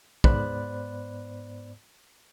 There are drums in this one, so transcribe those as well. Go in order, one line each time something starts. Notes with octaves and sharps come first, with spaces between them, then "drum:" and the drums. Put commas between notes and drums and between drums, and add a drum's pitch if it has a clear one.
G#2 B3 C5 D5 B5 F#6, drum: kick